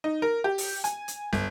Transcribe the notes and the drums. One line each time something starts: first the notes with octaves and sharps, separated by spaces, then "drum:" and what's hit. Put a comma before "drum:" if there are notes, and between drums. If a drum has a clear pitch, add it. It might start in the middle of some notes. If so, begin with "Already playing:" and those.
D#4
A#4
G4
drum: open hi-hat
G#5, drum: hi-hat
drum: hi-hat
G1, drum: snare